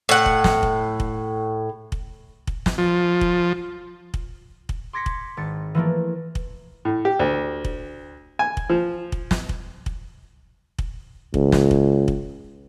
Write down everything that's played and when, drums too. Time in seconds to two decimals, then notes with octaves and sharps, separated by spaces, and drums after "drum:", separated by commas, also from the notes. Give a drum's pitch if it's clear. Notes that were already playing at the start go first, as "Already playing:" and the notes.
0.09 A2 F#5
0.26 drum: kick
0.44 drum: snare
0.63 drum: kick
1.00 drum: kick
1.92 drum: kick
2.47 drum: kick
2.66 drum: snare
2.78 F3
3.21 drum: kick
4.14 drum: kick
4.69 drum: kick
4.93 C6 D6 G#6 A#6 B6 C#7
5.06 drum: kick
5.37 G#1 A6 C#7
5.75 E3 F3 A3 A#3
6.35 drum: kick
6.85 A2
7.05 G4
7.19 D2
7.65 drum: kick
8.39 G#5
8.57 drum: kick
8.69 F3
9.12 drum: kick
9.31 drum: snare
9.49 drum: kick
9.86 drum: kick
10.79 drum: kick
11.34 C#2, drum: kick
11.52 drum: snare
11.71 drum: kick
12.08 drum: kick